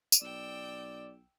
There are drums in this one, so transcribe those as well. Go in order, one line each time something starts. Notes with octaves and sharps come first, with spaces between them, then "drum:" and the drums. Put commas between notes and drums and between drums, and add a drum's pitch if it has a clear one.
drum: tambourine
B1 D5 G5 E6